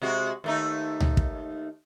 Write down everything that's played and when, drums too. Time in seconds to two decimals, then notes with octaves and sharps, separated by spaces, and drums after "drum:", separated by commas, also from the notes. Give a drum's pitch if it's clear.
0.02 C3 G#3 F#4
0.44 D#2 A3 D#4
1.00 drum: tom C#2
1.17 drum: kick